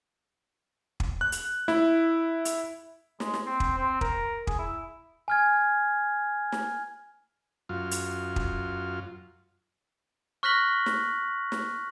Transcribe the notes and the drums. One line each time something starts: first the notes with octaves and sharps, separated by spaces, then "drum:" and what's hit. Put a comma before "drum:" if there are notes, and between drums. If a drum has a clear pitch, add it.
drum: kick
F#6
drum: hi-hat
E4, drum: snare
drum: hi-hat
G#3, drum: snare
drum: snare
C4
drum: kick
C4
A#4, drum: kick
G#4, drum: kick
E4
G#5 F6 G#6
drum: snare
F#2 F4
drum: hi-hat
drum: kick
C#6 F6 F#6 A#6 B6 F#7
drum: snare
drum: snare